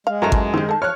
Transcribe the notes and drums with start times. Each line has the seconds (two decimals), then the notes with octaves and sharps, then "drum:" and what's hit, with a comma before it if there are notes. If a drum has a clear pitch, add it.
0.07 G#3 F5
0.22 F#2 E3 F3 A3 A#5
0.32 drum: kick G#1
0.54 D#3 C4 G4
0.69 A4 A5
0.82 F3 C#5 F6 F#6